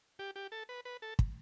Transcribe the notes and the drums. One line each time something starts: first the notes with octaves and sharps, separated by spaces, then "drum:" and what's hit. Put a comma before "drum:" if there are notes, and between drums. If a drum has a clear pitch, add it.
G4
G4
A4
B4
B4
A4
drum: kick